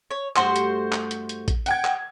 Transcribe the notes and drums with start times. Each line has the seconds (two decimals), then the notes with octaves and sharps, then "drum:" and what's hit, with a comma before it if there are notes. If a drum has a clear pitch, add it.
0.11 C#5
0.36 G2 A3 F#4 G4 C5 C6, drum: clap
0.56 drum: hi-hat
0.92 drum: clap
1.11 drum: hi-hat
1.29 drum: hi-hat
1.48 drum: kick A1, hi-hat
1.66 F#5 G5 G#6, drum: hi-hat
1.85 drum: clap